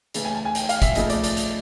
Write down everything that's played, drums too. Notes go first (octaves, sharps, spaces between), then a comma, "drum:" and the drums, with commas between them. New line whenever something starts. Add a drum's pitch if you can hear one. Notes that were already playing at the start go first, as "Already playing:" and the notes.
C#3 E3 A3, drum: hi-hat
G#5
A5
G#5
G5, drum: hi-hat
F5, drum: hi-hat
E5, drum: kick G1, hi-hat
C#3 F3 A3 D#5, drum: hi-hat
D5, drum: hi-hat
D5, drum: hi-hat
drum: hi-hat